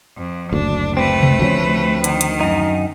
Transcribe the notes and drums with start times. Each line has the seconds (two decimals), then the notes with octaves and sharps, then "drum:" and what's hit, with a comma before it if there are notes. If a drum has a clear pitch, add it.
0.17 F2
0.53 F#1 D2 D4
0.97 A3 C4 B4
1.23 drum: tom C3
1.39 D2 F3 C#4
2.04 D#3, drum: hi-hat
2.21 drum: hi-hat
2.41 F#2 D#4